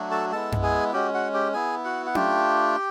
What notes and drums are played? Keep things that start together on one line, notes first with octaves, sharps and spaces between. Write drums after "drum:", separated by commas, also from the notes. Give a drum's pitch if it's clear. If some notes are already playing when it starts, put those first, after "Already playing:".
Already playing: F#3 A3 D4 F#4
A4 A5
G#3 B3 E4 A4 A5
drum: tom F#2
G#4 G#5
G#3 C#4 F#4 G4 G5
F#4 F#5
G4 G5
B3 E4 G#4 G#5
F#4 F#5
F#5
A3 D4 F4 G4 G5, drum: tom C#4